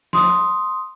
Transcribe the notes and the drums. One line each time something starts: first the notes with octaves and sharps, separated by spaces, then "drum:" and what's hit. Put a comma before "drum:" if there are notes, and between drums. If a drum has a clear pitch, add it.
C6 D#6, drum: snare